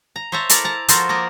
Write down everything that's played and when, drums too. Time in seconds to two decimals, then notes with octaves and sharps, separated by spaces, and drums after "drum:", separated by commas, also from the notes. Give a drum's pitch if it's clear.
0.16 A#5
0.32 C5 C#5 E5 A5 A#5
0.49 E4 A4 A#4 D5, drum: hi-hat
0.64 A5 A#5
0.88 F3 F4 F#4 A4 A#4 C5, drum: hi-hat
1.09 A#3 A#4 D5 D#5